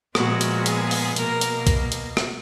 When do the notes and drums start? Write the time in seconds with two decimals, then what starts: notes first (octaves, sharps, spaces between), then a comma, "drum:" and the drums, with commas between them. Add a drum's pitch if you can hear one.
0.15 A#2 F3 G#3 B3 F#4, drum: rim click
0.41 drum: hi-hat
0.66 G#4, drum: hi-hat
0.91 drum: open hi-hat
1.16 B2 A#3 A#4, drum: hi-hat
1.41 drum: hi-hat
1.67 drum: kick B1, hi-hat
1.92 drum: hi-hat
2.17 drum: rim click